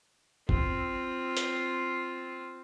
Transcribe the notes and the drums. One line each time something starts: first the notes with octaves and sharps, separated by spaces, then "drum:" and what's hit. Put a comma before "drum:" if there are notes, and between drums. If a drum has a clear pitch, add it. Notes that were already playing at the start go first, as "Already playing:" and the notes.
C4 F4, drum: kick
drum: hi-hat